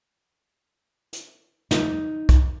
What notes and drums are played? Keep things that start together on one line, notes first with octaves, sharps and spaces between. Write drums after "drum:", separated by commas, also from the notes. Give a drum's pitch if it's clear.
drum: hi-hat
D#4, drum: snare
drum: kick, hi-hat